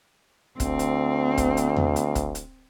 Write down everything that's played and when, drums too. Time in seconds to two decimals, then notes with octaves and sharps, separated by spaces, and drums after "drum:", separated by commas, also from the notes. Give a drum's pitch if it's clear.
0.60 D2 C4, drum: kick, hi-hat
0.79 drum: hi-hat
1.38 drum: kick, hi-hat
1.57 drum: hi-hat
1.76 drum: tom E2
1.96 drum: hi-hat
2.15 drum: kick, hi-hat
2.35 drum: hi-hat